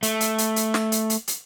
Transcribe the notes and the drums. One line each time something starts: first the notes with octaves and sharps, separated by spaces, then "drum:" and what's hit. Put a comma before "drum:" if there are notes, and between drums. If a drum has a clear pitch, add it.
A3, drum: hi-hat
drum: hi-hat
drum: hi-hat
drum: hi-hat
drum: snare
drum: hi-hat
drum: hi-hat
drum: hi-hat